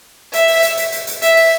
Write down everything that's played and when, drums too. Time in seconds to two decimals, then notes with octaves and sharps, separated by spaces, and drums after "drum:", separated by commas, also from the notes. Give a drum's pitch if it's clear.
0.33 E5, drum: hi-hat
0.48 drum: open hi-hat
0.62 drum: hi-hat
0.77 drum: hi-hat
0.92 drum: hi-hat
1.07 drum: hi-hat
1.22 E5, drum: hi-hat
1.37 drum: open hi-hat